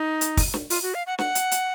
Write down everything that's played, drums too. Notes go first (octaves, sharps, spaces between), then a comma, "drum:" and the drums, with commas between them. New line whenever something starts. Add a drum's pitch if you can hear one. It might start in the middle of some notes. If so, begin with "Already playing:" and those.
Already playing: D#4
drum: hi-hat
drum: kick, open hi-hat
drum: snare
F4, drum: open hi-hat
F#4
F5
F#5
F#5, drum: snare
drum: hi-hat
drum: hi-hat